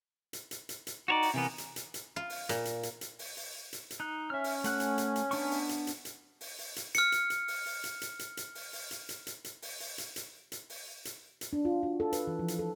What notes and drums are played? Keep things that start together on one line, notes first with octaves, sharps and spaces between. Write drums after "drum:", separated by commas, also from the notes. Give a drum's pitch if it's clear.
drum: hi-hat
drum: hi-hat
drum: hi-hat
drum: hi-hat
D#4 F#4 C#5 D5 G5 A#5
drum: open hi-hat
C3 E3 B3 A#4 G#5
drum: hi-hat
drum: hi-hat
drum: hi-hat
F4
drum: open hi-hat
A#2, drum: hi-hat
drum: hi-hat
drum: hi-hat
drum: hi-hat
drum: open hi-hat
drum: open hi-hat
drum: hi-hat
drum: hi-hat
D#4 F#6
C#4 E5 F6
drum: open hi-hat
A3 F#5 F#6, drum: hi-hat
drum: hi-hat
drum: hi-hat
drum: hi-hat
B3 D4 C#6, drum: open hi-hat
drum: open hi-hat
drum: hi-hat
drum: hi-hat
drum: hi-hat
drum: open hi-hat
drum: open hi-hat
drum: hi-hat
F6 C#7, drum: hi-hat
drum: hi-hat
drum: hi-hat
drum: open hi-hat
drum: open hi-hat
drum: hi-hat
drum: hi-hat
drum: hi-hat
drum: hi-hat
drum: open hi-hat
drum: open hi-hat
drum: hi-hat
drum: hi-hat
drum: hi-hat
drum: hi-hat
drum: open hi-hat
drum: open hi-hat
drum: hi-hat
drum: hi-hat
drum: hi-hat
drum: open hi-hat
drum: hi-hat
drum: hi-hat
D4
F4
F#4
A4
B4, drum: hi-hat
E3
F3
drum: hi-hat
A4